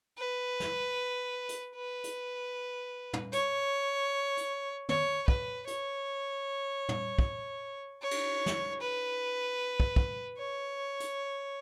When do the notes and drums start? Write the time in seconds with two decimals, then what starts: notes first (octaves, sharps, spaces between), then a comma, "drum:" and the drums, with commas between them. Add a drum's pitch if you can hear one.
0.18 B4
0.60 drum: snare
1.49 drum: hi-hat
1.75 B4
2.04 drum: hi-hat
3.13 drum: tom
3.33 C#5, drum: hi-hat
4.37 drum: hi-hat
4.89 C#5, drum: tom
5.28 B4, drum: kick
5.67 C#5, drum: hi-hat
6.89 drum: tom
7.19 drum: kick
8.02 C#5
8.11 drum: cymbal
8.46 drum: snare
8.81 B4
9.80 drum: kick
9.96 drum: kick
10.38 C#5
11.00 drum: hi-hat